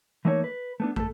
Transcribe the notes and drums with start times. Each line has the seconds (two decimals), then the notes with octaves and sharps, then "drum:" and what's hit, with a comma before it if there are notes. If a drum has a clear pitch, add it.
0.25 E3 A3 A#3 D#4 E4 C#5
0.44 B4
0.80 A3 B3 D4
0.96 A3 A4, drum: kick